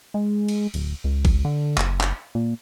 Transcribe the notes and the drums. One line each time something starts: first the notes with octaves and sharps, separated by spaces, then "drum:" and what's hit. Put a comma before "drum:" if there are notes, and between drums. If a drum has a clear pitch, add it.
G#3
drum: cymbal
D1, drum: cymbal
C#2
drum: kick G#1, cymbal
D3
F#1, drum: clap
drum: clap
A#2